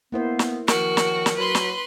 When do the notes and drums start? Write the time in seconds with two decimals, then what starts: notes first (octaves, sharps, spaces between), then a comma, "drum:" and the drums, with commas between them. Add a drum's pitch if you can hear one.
0.12 A#3 B3 E4 C5
0.39 drum: snare
0.68 F#2 D#3 F3 F#4 A#4, drum: snare
0.97 drum: snare
1.26 drum: snare
1.37 F#3 F#4 B4 C6
1.55 drum: snare